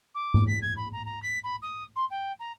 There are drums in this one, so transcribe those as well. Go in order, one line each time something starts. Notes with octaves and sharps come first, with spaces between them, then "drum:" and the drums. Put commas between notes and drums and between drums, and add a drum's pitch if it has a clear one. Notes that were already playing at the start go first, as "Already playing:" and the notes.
D6
drum: tom G#2
B6
G#6
B5
A#5
A#5
B6
B5
D#6
C6
G5
A#5